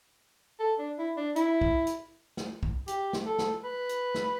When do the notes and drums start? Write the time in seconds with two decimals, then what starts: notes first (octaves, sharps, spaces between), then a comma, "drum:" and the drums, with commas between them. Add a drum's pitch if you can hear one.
0.60 A4
0.79 D4
0.98 E4
1.17 D4
1.36 E4, drum: hi-hat
1.61 drum: kick
1.87 drum: hi-hat
2.37 drum: snare
2.63 drum: kick
2.88 G4, drum: hi-hat
3.13 drum: snare
3.26 A4
3.39 drum: snare
3.64 B4
3.89 drum: hi-hat
4.15 drum: snare